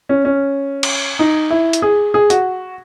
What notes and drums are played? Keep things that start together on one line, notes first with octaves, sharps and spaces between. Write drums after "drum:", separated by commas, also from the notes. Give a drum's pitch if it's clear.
C#4
C#4
drum: cymbal
D#4
E4
drum: hi-hat
G#4
G#4
F#4, drum: hi-hat